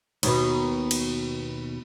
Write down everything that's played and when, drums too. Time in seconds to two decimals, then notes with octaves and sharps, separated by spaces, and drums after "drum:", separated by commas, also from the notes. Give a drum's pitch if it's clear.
0.23 D#2 B2, drum: cymbal
0.91 drum: cymbal